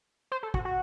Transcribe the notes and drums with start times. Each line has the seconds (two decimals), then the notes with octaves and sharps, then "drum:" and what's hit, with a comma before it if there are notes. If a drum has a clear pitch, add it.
0.32 C5
0.43 A4
0.54 F#4, drum: kick
0.65 F#4